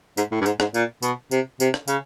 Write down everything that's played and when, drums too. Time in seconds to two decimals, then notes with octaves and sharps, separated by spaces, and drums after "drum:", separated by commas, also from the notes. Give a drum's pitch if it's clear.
0.17 G#2, drum: tambourine
0.31 A2
0.41 G2
0.46 G#2, drum: tambourine
0.60 G#2, drum: rim click
0.74 A#2, drum: tambourine
1.02 B2, drum: tambourine
1.31 C3, drum: tambourine
1.60 C3, drum: tambourine
1.74 drum: rim click
1.88 C#3, drum: tambourine